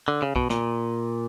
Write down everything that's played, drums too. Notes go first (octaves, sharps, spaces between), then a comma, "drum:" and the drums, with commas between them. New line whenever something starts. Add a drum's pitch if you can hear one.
D3
C#3
B2, drum: kick B1
A#2, drum: snare